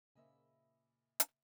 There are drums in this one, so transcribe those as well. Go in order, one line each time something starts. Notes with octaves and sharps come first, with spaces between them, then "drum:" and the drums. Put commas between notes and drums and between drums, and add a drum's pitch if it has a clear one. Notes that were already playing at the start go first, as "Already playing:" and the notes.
A#2 C#3 A#3 C5 D#5 E5 G#5 B5
drum: hi-hat